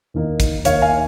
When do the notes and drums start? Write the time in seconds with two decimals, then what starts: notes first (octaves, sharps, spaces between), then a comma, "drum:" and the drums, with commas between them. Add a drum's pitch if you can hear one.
0.14 D#2 D#3 A#3 D#4
0.40 drum: kick, hi-hat
0.65 D#2 D#3 A#3 D#4 C#5 F5, drum: hi-hat
0.82 F5 G#5